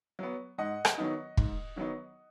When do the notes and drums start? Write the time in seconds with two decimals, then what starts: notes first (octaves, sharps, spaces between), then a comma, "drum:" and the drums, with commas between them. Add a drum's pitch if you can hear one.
0.19 F#3 B3
0.58 G#2 D#5 F#5
0.85 drum: rim click
0.98 D#3 F#3 B3 D#4
1.37 G#2, drum: kick
1.76 D#3 F#3 B3 D#4